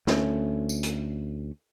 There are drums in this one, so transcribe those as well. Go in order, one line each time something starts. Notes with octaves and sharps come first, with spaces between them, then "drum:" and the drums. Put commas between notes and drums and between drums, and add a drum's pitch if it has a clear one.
D2 A3 C#4, drum: snare
drum: tambourine
drum: hi-hat